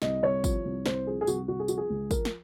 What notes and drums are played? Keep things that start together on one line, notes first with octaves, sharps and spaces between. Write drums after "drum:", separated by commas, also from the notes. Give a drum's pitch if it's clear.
C2 D#5, drum: snare
C2 C#5
F3, drum: kick, tambourine
C2
C2 C5, drum: snare
F3 G#4
G#4
C2 F#4, drum: tambourine
C2 F#4
G#4
F3 F#4, drum: tambourine
G#4
C#2
F3 A#4, drum: kick, tambourine
drum: snare